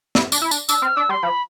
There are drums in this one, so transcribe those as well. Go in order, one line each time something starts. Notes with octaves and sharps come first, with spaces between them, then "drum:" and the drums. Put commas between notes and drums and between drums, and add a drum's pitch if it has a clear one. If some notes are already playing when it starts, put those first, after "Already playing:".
E4, drum: snare
D4, drum: tambourine
E4
D4, drum: tambourine
D4 E6, drum: tambourine
C4 F6
D4 E6
G3 C6
F3 B5